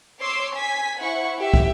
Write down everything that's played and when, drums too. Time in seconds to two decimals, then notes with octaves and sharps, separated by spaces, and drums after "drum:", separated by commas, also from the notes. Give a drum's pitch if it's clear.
0.20 C#5 C6 D6 E6
0.56 G#5 G#6 B6
0.99 E4 C5 F#5 C#6
1.39 G4 E5
1.54 drum: kick